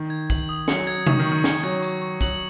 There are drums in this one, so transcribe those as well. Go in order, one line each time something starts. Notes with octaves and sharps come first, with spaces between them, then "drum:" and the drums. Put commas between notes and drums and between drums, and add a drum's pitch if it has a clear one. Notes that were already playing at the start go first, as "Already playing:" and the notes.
Already playing: D#3
G#6
F#7, drum: kick B1, tambourine
D#6
F#3 C#7, drum: snare
G#6
D#3 C#6, drum: tom C3
D#3
C#6
D#3
D#3 C#7, drum: snare
F#3 G#6
C#6, drum: tambourine
C#6
F#3 F#7, drum: kick B1, tambourine